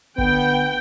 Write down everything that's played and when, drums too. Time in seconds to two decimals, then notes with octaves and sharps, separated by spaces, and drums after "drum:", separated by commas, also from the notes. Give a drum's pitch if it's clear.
0.18 D3 B3 G5, drum: kick